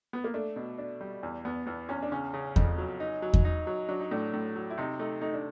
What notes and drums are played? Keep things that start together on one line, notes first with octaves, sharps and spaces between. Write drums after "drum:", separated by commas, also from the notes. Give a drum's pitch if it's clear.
B3
A#3
A3 D4
B2
D4
G3
E2
E2 B3
E2 B3
E2 C#4
D4
C#3 C#4
C#3
F2, drum: kick E2
F#3
D#4
F#3
drum: kick E2
D#4
F#3
F#3 D4
D#4
A2 D4
A2
F#3
E4
C3 D#4
A3 D#4
A3 D#4
D4